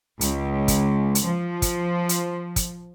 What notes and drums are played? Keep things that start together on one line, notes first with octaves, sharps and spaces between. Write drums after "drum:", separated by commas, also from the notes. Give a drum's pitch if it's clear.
C#2, drum: hi-hat
drum: kick, hi-hat
drum: hi-hat
F3
drum: kick, hi-hat
drum: hi-hat
drum: kick, hi-hat